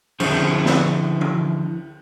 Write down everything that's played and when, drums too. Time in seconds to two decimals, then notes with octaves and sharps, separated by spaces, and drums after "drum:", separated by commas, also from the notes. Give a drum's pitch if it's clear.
0.20 D3 F3 C#4 E4 G#4 C5, drum: cymbal
0.66 drum: snare
1.21 drum: tom